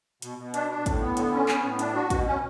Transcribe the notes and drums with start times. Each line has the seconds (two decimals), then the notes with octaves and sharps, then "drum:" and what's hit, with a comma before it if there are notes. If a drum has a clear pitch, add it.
0.22 B2, drum: hi-hat
0.38 B2
0.54 D4, drum: hi-hat
0.70 D4
0.86 A2, drum: kick, hi-hat
1.01 B3
1.17 D3, drum: hi-hat
1.33 C#4
1.48 B3, drum: clap
1.63 A2
1.79 D4, drum: hi-hat
1.95 F#4
2.10 B2, drum: kick, hi-hat
2.27 C#4